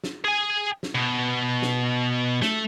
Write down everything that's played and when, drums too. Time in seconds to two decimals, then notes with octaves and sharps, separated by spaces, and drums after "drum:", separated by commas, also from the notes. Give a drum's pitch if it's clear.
0.04 drum: snare
0.25 G#4 G#5
0.83 drum: snare
0.95 B2
1.62 drum: snare
2.42 A3, drum: snare